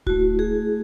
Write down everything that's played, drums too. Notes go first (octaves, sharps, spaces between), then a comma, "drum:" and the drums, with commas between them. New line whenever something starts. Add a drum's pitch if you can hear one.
A3 E4 F#4, drum: kick D1
G#4